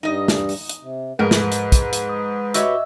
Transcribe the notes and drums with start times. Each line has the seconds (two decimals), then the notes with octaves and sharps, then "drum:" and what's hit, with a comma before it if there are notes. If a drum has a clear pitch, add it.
0.03 G2 G3 D#4 D#5
0.28 drum: snare
0.49 drum: open hi-hat
0.69 drum: hi-hat
0.81 C3
1.19 G#2 F3 A#4 B4
1.31 drum: snare
1.52 drum: hi-hat
1.72 drum: kick, hi-hat
1.93 drum: hi-hat
2.09 D#6
2.54 F#4 G4 C#5 D#5 E5 E6, drum: hi-hat